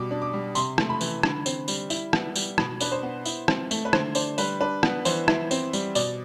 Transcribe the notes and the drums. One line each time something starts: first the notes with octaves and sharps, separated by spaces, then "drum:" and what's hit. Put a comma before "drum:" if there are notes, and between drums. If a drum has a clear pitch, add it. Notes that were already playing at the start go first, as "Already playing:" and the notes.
Already playing: B2 G3 D6
D4
D6
G3
C3 C6, drum: tambourine
A3, drum: rim click
B5
E3, drum: tambourine
D3, drum: rim click
C4, drum: tambourine
G3, drum: tambourine
E4, drum: tambourine
B3, drum: rim click
G3, drum: tambourine
B2 B5, drum: rim click
D4 B4, drum: tambourine
C5
B3
E4, drum: tambourine
C4, drum: rim click
A3, drum: tambourine
B4
D3 C5, drum: rim click
D4 C5, drum: tambourine
G3 B4, drum: tambourine
D4 B4
B3, drum: rim click
E3 C5, drum: tambourine
E4, drum: rim click
C4, drum: tambourine
G3, drum: tambourine
B2 D5, drum: tambourine